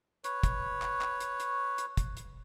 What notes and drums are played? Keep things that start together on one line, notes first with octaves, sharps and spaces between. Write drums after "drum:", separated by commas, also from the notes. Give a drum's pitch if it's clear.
B4 C#5, drum: hi-hat
drum: kick, hi-hat
drum: clap
drum: clap
drum: hi-hat
drum: hi-hat
drum: hi-hat
drum: kick, hi-hat
drum: hi-hat